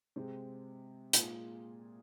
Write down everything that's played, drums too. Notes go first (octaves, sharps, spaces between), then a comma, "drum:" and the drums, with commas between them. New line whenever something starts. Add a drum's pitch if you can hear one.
C3 G#3 C4
A#2 G#3 F4 G#4, drum: hi-hat